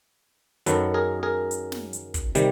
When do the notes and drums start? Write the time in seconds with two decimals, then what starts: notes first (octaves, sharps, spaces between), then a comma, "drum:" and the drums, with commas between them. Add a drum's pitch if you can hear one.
0.66 F#2 D#3 F#3 A4 B4, drum: hi-hat
0.94 G#4 A#4
1.23 G#4 A#4
1.51 drum: hi-hat
1.72 drum: snare
1.93 drum: hi-hat
2.14 drum: kick, hi-hat
2.35 C3 D#3 G3, drum: hi-hat